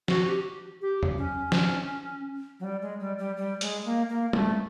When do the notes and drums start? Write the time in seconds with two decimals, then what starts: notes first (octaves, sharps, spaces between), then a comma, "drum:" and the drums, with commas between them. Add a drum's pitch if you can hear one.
0.08 F#4, drum: snare
0.27 G4
0.82 G4
1.03 drum: tom E2
1.18 C#4
1.52 drum: snare
2.60 F#3
2.64 G3
2.82 G#3
3.00 G3
3.19 G3
3.37 G3
3.61 G#3, drum: hi-hat
3.85 A#3
4.09 A#3
4.33 A3, drum: tom G3